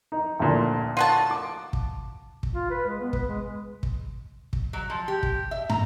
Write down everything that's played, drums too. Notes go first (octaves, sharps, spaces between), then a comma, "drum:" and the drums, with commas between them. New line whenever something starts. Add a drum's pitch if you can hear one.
D#4
A1 D2 A#2
F4 F#4 A5
D6
drum: kick
drum: kick
F4
B4
G#3
B3
B4, drum: kick
G#3
drum: kick
drum: kick
F#3
F3
G4
drum: kick
E5
A#5, drum: tom